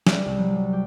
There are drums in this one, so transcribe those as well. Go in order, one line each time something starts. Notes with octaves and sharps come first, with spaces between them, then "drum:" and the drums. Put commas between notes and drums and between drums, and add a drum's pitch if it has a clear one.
G3, drum: snare
C2
F#3
G3
G4